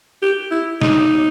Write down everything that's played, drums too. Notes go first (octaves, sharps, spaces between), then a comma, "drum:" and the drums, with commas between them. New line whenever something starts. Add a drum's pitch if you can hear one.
G4
E4
D#4, drum: snare